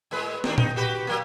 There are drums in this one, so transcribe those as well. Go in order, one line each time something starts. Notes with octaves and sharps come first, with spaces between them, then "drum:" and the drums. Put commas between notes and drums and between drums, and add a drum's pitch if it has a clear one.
A2 G#3 B4
G#2 D#3 D4, drum: snare
D#4, drum: tom A#2
F#4 G4 B4
F#3 A#3